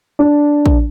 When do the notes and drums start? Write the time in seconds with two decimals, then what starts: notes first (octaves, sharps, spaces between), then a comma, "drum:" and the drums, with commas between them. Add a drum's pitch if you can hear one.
0.19 D4
0.66 drum: kick